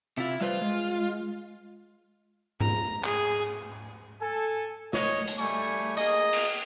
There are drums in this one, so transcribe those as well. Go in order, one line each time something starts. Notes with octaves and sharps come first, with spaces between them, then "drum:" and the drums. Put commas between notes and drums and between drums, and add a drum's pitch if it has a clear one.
C3 E4 F4
G3 F4 B4 C5
G#3
A#5, drum: tom G#2
G#4, drum: clap
A4 G#5
C#5 D#5, drum: snare
drum: hi-hat
G3 A3 G#5 C#6
A#3 G#4 D#5, drum: hi-hat
drum: cymbal